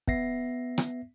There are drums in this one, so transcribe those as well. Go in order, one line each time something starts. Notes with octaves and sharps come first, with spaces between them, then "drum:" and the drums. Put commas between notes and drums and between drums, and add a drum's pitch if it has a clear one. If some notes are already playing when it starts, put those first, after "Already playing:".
B3 E5 A#6 C7, drum: kick
drum: rim click